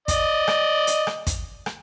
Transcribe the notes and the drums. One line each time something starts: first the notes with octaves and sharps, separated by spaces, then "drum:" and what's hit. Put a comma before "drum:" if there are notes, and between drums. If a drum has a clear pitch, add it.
D5 D#5, drum: kick, hi-hat
drum: rim click
drum: hi-hat
drum: rim click
drum: kick, hi-hat
drum: rim click